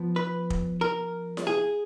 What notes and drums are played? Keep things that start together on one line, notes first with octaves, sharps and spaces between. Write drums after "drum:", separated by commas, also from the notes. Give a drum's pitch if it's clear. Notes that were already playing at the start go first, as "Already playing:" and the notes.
Already playing: F3 B3
B4
drum: kick
A#4
drum: snare E4
G#4